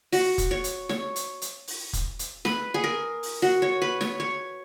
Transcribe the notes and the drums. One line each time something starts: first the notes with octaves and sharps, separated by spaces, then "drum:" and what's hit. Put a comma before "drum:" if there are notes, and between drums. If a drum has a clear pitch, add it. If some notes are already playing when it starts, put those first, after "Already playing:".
F#4, drum: open hi-hat
drum: kick, hi-hat
C#5
drum: hi-hat
C#5, drum: snare
drum: hi-hat
drum: hi-hat
drum: open hi-hat
drum: kick, hi-hat
drum: hi-hat
B4, drum: snare
G#4
A#4
drum: open hi-hat
F#4
C#5
B4
C#5, drum: snare
C#5